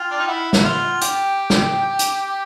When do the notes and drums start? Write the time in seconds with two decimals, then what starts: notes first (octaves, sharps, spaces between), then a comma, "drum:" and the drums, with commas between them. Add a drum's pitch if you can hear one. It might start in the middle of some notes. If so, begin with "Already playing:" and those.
Already playing: F4 G5
0.11 D4
0.20 D#4
0.28 E4 F#5
0.53 E4, drum: snare
0.64 F4
1.01 G4 G5, drum: hi-hat
1.50 drum: snare
1.99 drum: hi-hat